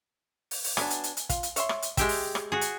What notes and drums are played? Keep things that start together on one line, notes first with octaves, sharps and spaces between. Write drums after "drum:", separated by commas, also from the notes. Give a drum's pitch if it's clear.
drum: open hi-hat
drum: open hi-hat
F#3 B3 D4 G#5, drum: rim click
drum: hi-hat
drum: hi-hat
drum: hi-hat
F4, drum: kick, hi-hat
drum: hi-hat
C#5 E5 C6, drum: hi-hat
drum: rim click
drum: hi-hat
G#3 G4 E5 G5, drum: kick, hi-hat
drum: open hi-hat
drum: rim click
F#4 G#4
drum: hi-hat